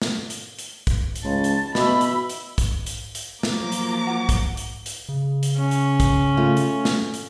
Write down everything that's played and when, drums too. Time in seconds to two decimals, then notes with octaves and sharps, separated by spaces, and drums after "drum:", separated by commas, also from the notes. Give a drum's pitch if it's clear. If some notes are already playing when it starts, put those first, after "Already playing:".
0.02 drum: snare
0.30 drum: hi-hat
0.59 drum: hi-hat
0.87 drum: kick, hi-hat
1.16 drum: hi-hat
1.25 C#2 A5
1.44 drum: hi-hat
1.75 B2 E5 B5, drum: snare
2.01 drum: hi-hat
2.29 drum: hi-hat
2.58 drum: kick, hi-hat
2.86 drum: hi-hat
3.15 drum: hi-hat
3.43 F3 F#3 A#3 A#5 D6, drum: snare
3.72 drum: hi-hat
4.07 F#5
4.29 drum: kick, hi-hat
4.57 drum: hi-hat
4.86 drum: hi-hat
5.09 C#3
5.43 drum: hi-hat
5.57 C#4
5.71 drum: hi-hat
6.00 drum: kick, hi-hat
6.37 A3 F4
6.57 drum: hi-hat
6.85 drum: snare
7.14 drum: hi-hat